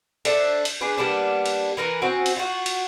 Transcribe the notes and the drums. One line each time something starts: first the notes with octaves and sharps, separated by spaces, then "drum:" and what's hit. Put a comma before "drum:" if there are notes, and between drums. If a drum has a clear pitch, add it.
D4 A4 C5 E5, drum: cymbal
drum: cymbal
D4 G#4 B4
G3 A#3 B3 D4
drum: cymbal
E3 A#4 B4
C4 C#4 F#4
drum: cymbal
F4 F#4
drum: cymbal